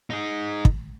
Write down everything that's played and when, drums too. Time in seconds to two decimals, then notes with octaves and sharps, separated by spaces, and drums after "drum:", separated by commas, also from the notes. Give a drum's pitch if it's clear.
0.10 D#4 G#4
0.65 drum: kick